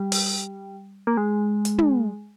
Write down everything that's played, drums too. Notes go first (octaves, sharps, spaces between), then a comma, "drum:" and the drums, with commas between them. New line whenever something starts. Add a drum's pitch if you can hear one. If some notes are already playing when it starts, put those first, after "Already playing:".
Already playing: G3
drum: open hi-hat
A#3
G#3
drum: hi-hat
drum: tom